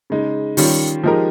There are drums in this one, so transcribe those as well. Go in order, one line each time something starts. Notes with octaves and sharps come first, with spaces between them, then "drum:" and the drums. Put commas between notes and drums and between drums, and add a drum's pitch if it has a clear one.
C#3 G#3 D#4
D#3 G3 C#4 F4, drum: open hi-hat
F3 G#3 D#4 G4 A#4